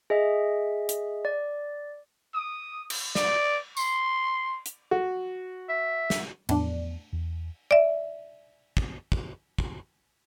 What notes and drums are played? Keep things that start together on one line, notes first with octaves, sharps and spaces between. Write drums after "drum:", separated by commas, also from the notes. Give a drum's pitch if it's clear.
G#4 D#5 E5
drum: hi-hat
D5
D#6
drum: cymbal
D5, drum: snare
C6, drum: tambourine
drum: hi-hat
F#4
E5
drum: snare
E2 A2 F3 B3 D4, drum: cymbal
E2
D5 E5
drum: kick
drum: kick
drum: kick